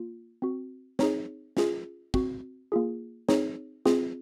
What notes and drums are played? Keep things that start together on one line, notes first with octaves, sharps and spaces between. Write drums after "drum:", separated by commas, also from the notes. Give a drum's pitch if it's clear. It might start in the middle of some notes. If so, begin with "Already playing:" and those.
Already playing: A#3 F4
C4 F#4
C4 D#4 G#4 C#5, drum: snare
C#4 F4 G#4, drum: snare
C4 F#4, drum: kick
A#3 F4 G#4
C4 D#4 G#4 C#5, drum: snare
C4 F4 G#4, drum: snare